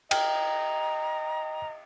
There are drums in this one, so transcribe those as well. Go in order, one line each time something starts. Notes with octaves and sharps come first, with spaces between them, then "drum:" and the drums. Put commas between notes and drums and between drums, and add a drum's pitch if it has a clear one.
D#5 G5 A#5, drum: cymbal